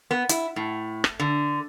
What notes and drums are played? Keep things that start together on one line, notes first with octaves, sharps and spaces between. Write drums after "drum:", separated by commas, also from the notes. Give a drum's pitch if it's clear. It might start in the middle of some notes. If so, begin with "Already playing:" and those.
B3
E4, drum: hi-hat
A2
drum: rim click
D3